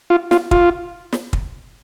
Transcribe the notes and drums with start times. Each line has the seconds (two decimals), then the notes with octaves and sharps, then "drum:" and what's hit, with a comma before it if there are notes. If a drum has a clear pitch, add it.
0.10 F4
0.31 F4, drum: snare
0.51 F4, drum: kick
1.13 drum: snare
1.33 drum: kick